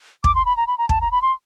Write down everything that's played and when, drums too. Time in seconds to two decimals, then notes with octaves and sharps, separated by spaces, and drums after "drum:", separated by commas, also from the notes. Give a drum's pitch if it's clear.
0.24 D6, drum: kick
0.35 C6
0.46 B5
0.57 A#5
0.67 B5
0.78 A#5
0.89 A5, drum: kick
1.01 A#5
1.12 B5
1.22 C6